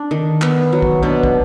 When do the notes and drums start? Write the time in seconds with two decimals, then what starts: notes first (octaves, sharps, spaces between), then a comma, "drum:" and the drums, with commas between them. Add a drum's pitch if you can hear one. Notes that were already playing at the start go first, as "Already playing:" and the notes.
Already playing: D4
0.11 D#3
0.42 B3, drum: clap
0.73 F#3
0.82 drum: kick
1.03 B2 D4
1.24 drum: kick